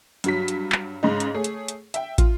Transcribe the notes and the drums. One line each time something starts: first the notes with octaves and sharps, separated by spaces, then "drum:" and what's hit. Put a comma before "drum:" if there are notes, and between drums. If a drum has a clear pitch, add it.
G2 F#3 B6, drum: hi-hat
drum: hi-hat
drum: clap
G#2 C#3 D#4
drum: hi-hat
A3 G#4 C#5
drum: hi-hat
drum: hi-hat
E5 G5, drum: hi-hat
F4, drum: kick, hi-hat